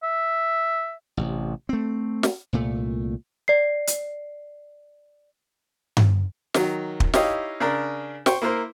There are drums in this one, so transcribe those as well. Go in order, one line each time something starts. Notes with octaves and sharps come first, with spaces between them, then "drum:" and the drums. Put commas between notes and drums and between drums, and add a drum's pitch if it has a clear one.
E5
A1 C3
A3 C4
drum: snare
C2 A#2 A3
D5 C7
drum: hi-hat
drum: tom G2
D#3 F#3, drum: snare
drum: kick
D#4 E4 G4 C#5 D#5 F5, drum: snare
C#3 D4 A#4
C5 G5 C#6, drum: snare
A#3 E4 A#4 C5